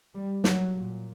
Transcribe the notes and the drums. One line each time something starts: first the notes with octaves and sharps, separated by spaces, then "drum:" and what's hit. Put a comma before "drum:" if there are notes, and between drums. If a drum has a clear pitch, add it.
G3
F#3, drum: snare
A#2